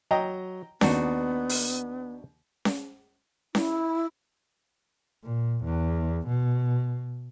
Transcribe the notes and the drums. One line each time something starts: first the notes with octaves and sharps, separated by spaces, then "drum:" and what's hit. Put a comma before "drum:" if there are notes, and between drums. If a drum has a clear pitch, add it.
F#3 D#5 G5 A#5
D#2 B3 D4 D#4 F#4, drum: snare C#4
drum: open hi-hat
drum: snare C#4
E4, drum: snare C#4
A#2
E2
B2